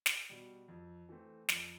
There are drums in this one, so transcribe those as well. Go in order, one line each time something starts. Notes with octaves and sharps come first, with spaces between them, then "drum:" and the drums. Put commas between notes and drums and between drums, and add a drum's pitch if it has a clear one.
drum: snare
B2 G3
F2
E3 A3 C4
F2, drum: snare